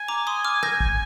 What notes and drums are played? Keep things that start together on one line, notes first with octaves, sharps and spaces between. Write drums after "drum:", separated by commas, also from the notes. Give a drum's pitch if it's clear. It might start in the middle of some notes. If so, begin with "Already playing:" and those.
Already playing: G#5
A#5 D6
C6 D#6
D6 F6
G6 A#6, drum: rim click
drum: kick